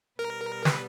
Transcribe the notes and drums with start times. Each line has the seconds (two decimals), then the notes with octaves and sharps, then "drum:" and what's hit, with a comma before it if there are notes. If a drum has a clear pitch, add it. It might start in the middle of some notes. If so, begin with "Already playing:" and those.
0.19 B2 G3 B3 A#4
0.65 B4, drum: snare